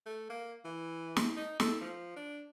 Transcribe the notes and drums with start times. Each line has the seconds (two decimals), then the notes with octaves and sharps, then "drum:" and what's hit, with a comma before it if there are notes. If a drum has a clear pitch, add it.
0.06 A3
0.30 A#3
0.65 E3
1.16 drum: snare
1.37 D#4
1.60 A4, drum: snare
1.81 F3
2.16 D4